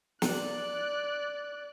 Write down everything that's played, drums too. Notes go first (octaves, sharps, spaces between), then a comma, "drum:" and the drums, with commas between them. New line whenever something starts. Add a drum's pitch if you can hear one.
D5 F#6, drum: snare